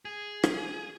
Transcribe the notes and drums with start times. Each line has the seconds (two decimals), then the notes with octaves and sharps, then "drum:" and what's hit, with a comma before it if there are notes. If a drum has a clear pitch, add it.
0.05 G#4
0.44 drum: rim click